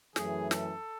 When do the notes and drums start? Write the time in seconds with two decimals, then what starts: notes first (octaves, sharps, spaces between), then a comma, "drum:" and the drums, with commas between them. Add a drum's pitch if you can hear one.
0.16 F#2 E3 A3 C#4 G#4, drum: snare
0.51 A4, drum: snare